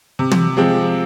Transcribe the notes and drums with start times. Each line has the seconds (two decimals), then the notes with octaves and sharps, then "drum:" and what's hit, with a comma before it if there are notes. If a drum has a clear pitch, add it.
0.19 C3
0.31 drum: tom
0.57 F3 G#3 C4